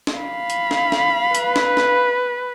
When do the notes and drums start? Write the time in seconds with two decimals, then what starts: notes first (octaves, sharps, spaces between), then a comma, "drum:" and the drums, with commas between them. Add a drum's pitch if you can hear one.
0.07 drum: snare
0.17 F5 B5
0.50 drum: hi-hat
0.71 drum: snare
0.92 drum: snare
1.35 B4, drum: hi-hat
1.56 drum: snare
1.77 drum: snare